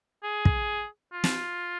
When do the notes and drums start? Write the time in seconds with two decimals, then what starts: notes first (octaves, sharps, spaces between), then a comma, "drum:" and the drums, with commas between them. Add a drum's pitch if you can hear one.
0.23 G#4
0.45 drum: kick
1.13 F4
1.24 drum: snare